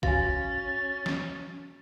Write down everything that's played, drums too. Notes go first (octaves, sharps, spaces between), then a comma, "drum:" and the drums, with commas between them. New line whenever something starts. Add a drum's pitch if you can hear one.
C#4 F#4 F5 G#5 A6, drum: kick
drum: snare